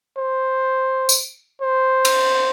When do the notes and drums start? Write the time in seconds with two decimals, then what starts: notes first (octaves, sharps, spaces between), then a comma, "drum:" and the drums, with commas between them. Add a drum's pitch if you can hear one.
0.18 C5
1.09 drum: tambourine
1.62 C5
2.05 drum: cymbal